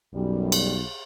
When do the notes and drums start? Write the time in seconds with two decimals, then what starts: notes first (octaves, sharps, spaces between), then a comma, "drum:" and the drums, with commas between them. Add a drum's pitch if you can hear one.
0.14 B1 F#2 G3
0.52 drum: cymbal